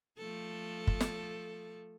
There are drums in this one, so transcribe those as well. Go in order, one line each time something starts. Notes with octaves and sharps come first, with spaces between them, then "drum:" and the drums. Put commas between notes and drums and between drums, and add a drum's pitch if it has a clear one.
F3 A3 A4
drum: kick F#1
drum: snare